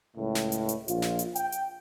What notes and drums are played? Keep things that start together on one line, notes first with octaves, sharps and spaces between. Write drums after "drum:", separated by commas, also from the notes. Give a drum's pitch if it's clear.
C#2 A2
drum: snare
drum: hi-hat
drum: hi-hat
A#1 F4, drum: hi-hat
drum: snare
drum: hi-hat
G5, drum: hi-hat
drum: hi-hat